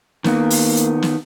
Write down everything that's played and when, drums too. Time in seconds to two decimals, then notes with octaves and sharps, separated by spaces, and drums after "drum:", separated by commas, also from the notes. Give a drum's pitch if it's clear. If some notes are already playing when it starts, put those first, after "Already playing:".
0.24 D#3 A#3 B3, drum: snare
0.50 drum: open hi-hat
0.76 drum: hi-hat
1.02 drum: snare